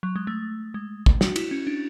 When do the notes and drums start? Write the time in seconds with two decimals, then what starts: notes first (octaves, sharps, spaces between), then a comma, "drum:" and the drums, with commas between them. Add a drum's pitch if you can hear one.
0.03 F#3
0.16 G#3
0.27 A3
0.74 G#3
1.06 drum: kick
1.21 F#4, drum: snare
1.36 E4, drum: cymbal
1.51 C#4
1.67 D4